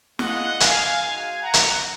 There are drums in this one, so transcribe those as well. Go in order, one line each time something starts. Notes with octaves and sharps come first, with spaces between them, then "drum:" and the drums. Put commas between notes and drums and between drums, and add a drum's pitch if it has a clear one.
G#3 B3 D4 F4 D#5 F#5, drum: snare
F5 G#5, drum: hi-hat
G#3 D#4 F#4 F5 G#5
F#5 A#5
drum: hi-hat